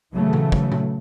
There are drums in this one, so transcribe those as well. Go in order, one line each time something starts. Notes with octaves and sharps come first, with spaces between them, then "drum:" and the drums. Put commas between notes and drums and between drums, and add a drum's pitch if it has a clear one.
C#3 E3 F#3 A3
drum: tom A#2
drum: kick
drum: tom A#2